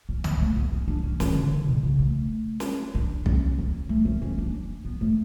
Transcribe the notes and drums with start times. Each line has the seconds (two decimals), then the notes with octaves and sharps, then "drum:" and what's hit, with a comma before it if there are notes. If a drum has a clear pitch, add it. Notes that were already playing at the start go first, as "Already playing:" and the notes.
0.09 C#4
0.24 B3, drum: tom C2
0.40 A3
0.56 B3
0.72 C#4
0.88 D4
1.03 C#4
1.20 E3, drum: snare
1.35 D3
1.67 B2
1.83 C#3
1.99 A3
2.60 drum: snare
2.95 D4
3.26 C#4, drum: kick B1
3.59 C#4
3.89 A3
4.05 C#4
4.22 C#4
4.38 D4
4.85 B3
5.01 A3